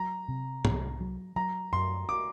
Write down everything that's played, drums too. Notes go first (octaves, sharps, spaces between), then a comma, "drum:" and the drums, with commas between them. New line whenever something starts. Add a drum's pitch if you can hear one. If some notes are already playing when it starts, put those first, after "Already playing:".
Already playing: F#3 A#5
C3
C2, drum: tom
F#3
F#3 A#5
F#2 C6
D6